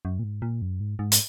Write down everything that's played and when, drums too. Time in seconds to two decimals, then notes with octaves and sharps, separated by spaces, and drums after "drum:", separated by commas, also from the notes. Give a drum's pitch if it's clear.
0.05 F#2
0.19 A#2
0.24 G#2
0.42 A#2
0.62 F#2
0.80 G#2
0.99 G#2
1.12 drum: hi-hat